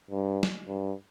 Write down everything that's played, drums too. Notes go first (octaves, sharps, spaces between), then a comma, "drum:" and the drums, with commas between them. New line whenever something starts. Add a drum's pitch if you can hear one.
G2
drum: snare
G2